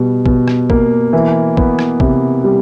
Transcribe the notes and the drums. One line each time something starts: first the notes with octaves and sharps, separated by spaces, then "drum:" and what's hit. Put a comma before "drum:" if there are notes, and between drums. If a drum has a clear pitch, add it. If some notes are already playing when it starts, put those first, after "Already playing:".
Already playing: B2 G3
B2, drum: kick
drum: rim click
A#3, drum: kick
E3
B3, drum: kick
drum: rim click
C3, drum: kick
G3